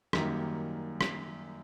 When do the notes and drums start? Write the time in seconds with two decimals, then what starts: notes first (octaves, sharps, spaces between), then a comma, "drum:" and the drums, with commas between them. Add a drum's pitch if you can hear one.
0.13 F#2 D#3 G3 A#3, drum: rim click
1.01 drum: rim click